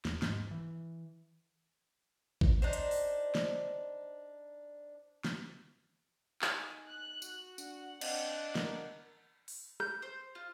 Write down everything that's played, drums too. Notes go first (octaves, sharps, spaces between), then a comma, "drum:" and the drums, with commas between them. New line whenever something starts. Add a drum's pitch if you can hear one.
E2, drum: snare
G#2, drum: snare
E3
drum: kick A1
D4 D#4 C5
drum: hi-hat
drum: open hi-hat
drum: snare
drum: snare
D#4 G#5, drum: clap
F#6
F#4, drum: tambourine
D4 F#5, drum: tambourine
C4 D4 D#5 F5, drum: cymbal
A#4, drum: snare
drum: open hi-hat
G6, drum: rim click
C5
F4